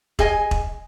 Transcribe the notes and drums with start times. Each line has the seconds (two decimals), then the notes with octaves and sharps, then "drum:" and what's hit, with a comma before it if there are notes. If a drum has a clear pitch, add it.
0.19 G#4 D#5 G#5, drum: kick E1
0.51 drum: kick E1